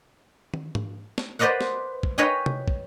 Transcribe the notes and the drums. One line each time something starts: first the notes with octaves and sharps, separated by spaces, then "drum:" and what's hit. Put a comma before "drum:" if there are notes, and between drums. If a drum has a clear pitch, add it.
drum: tom
drum: tom G#2
drum: snare
B4 C5 D5 D#5 F5 F#5
drum: snare
drum: kick
B4 C#5 D#5 F5 G5 G#5
drum: tom C3
drum: kick